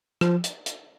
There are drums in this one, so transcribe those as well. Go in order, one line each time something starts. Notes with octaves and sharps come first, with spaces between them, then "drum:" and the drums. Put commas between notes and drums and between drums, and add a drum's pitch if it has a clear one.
F3, drum: rim click
drum: hi-hat
drum: hi-hat